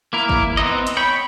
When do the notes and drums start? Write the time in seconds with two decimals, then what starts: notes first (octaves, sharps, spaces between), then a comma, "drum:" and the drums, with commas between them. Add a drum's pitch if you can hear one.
0.13 A#3 E4 A#4
0.29 drum: kick
0.57 B3 C4 D#4 E4 D#5
0.87 drum: hi-hat
0.97 C#5 G5 B5